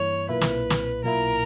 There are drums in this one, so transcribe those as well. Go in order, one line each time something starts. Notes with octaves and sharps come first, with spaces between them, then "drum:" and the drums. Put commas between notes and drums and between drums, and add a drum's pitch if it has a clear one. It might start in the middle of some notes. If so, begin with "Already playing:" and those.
Already playing: G2 E3 A#3 E4 C#5
B1 A#2 A#3 E4 B4
drum: snare
drum: snare
B1 A#2 A#3 E4 A#4